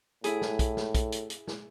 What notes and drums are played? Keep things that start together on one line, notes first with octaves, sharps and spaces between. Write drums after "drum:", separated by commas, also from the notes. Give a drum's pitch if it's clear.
A2 E4 G#4, drum: hi-hat
drum: snare
drum: kick, hi-hat
drum: snare
drum: kick, hi-hat
drum: hi-hat
drum: hi-hat
drum: snare